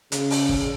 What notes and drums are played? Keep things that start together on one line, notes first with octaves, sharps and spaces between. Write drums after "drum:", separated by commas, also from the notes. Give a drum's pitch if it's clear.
C#3, drum: hi-hat
drum: open hi-hat
drum: kick